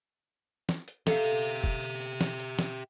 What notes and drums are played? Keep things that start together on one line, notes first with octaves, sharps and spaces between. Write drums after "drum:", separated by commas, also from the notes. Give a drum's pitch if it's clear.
drum: snare
drum: hi-hat
G4 A4 E5 F5, drum: snare
drum: hi-hat
drum: hi-hat
drum: kick F1
drum: hi-hat
drum: hi-hat
drum: snare
drum: hi-hat
drum: snare